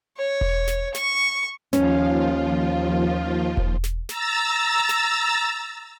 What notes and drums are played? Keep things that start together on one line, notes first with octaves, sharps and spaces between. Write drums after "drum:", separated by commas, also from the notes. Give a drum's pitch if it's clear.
C#5
drum: kick E1
drum: snare
C#6, drum: snare
D#2 F3 C#4 F4, drum: snare
drum: kick E1
drum: snare
A#5 E6 A6, drum: snare
drum: snare